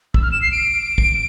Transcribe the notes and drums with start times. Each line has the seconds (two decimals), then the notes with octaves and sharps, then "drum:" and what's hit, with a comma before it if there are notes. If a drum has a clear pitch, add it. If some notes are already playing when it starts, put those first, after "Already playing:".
0.14 E6, drum: kick
0.22 F6
0.32 E7
0.42 C7
0.52 D7
0.98 drum: kick